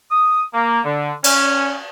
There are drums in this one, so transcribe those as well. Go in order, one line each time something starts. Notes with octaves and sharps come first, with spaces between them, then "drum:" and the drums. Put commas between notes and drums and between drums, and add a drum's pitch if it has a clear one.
D#6
A#3
D3
C#4, drum: cymbal